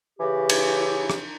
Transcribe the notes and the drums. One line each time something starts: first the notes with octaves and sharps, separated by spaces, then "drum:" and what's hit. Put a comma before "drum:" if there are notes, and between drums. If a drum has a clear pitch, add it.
C#3 E3 G4
drum: cymbal
drum: rim click